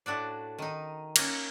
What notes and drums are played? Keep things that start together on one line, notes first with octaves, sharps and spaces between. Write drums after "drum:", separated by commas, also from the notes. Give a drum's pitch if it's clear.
A2 D4 F#4 D5
D#3 D#4
A#3 C#4, drum: cymbal